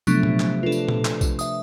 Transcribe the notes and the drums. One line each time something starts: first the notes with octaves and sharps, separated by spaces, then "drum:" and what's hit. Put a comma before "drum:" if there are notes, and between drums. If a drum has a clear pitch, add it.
C3 F3 F#3 A3 B3 D4, drum: tambourine
drum: tom A#2
drum: clap
D4 F4 A4 B4
drum: tambourine
drum: tom A#2
drum: clap
drum: kick, tambourine
E5 D#6, drum: tambourine